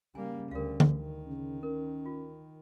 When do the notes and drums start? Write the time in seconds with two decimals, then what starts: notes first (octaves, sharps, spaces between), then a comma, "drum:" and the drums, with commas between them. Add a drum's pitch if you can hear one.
0.15 C#3 G3 A#3 G#5
0.51 D2 G3 A#4 F5
0.80 drum: tom D3
0.96 D#3
1.26 C#3
1.63 C#4 A#4
2.06 F4